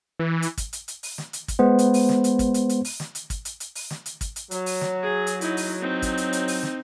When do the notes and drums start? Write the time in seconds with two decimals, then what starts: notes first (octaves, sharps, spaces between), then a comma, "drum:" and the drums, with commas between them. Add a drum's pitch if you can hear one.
0.19 E3
0.42 drum: hi-hat
0.58 drum: kick, hi-hat
0.73 drum: hi-hat
0.88 drum: hi-hat
1.03 drum: open hi-hat
1.18 drum: snare
1.33 drum: hi-hat
1.48 drum: kick, hi-hat
1.59 G#3 B3 C5
1.79 drum: hi-hat
1.94 drum: open hi-hat
2.09 drum: snare
2.24 drum: hi-hat
2.39 drum: kick, hi-hat
2.54 drum: hi-hat
2.69 drum: hi-hat
2.85 drum: open hi-hat
3.00 drum: snare
3.15 drum: hi-hat
3.30 drum: kick, hi-hat
3.45 drum: hi-hat
3.60 drum: hi-hat
3.75 drum: open hi-hat
3.90 drum: snare
4.06 drum: hi-hat
4.21 drum: kick, hi-hat
4.36 drum: hi-hat
4.51 F#3, drum: hi-hat
4.66 drum: open hi-hat
4.81 drum: snare
5.03 G#4
5.27 drum: hi-hat
5.41 D#4 E4, drum: hi-hat
5.57 drum: open hi-hat
5.80 C4 D#4
6.02 drum: kick, hi-hat
6.17 drum: hi-hat
6.33 drum: hi-hat
6.48 drum: open hi-hat
6.63 drum: snare